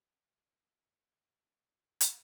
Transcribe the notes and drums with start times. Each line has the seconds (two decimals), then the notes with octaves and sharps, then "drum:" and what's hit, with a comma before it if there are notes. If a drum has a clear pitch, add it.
0.06 C#5 D5 G5
2.01 drum: hi-hat